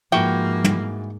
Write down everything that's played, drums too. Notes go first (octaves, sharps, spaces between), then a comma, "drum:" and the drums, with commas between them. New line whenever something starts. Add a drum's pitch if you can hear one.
G#2 E3 F3 A#3 F#4 G5
drum: tom